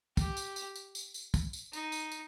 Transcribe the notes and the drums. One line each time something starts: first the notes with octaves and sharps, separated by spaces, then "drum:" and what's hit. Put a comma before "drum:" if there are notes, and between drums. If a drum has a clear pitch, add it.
G4, drum: kick, tambourine
drum: tambourine
drum: tambourine
drum: tambourine
drum: tambourine
drum: tambourine
drum: kick, tambourine
drum: tambourine
D#4, drum: tambourine
drum: tambourine
drum: tambourine